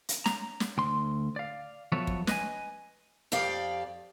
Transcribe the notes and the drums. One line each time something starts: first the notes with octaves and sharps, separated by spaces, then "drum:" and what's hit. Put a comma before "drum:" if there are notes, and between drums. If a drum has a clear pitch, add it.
drum: hi-hat
A#5, drum: snare
drum: snare
D2 C6
D5 F5
F3 F#3 B3 A4 C#5 E5
drum: kick
B4 D#5 G#5, drum: snare
F2 G4 D5 F5